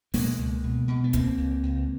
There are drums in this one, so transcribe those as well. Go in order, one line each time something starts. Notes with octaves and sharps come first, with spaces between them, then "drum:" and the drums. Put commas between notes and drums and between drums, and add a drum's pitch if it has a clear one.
B2 G#3 A#3, drum: open hi-hat
C#2
B2
B2
B3
C#2 A#3 C4, drum: kick, hi-hat
C#2
C#2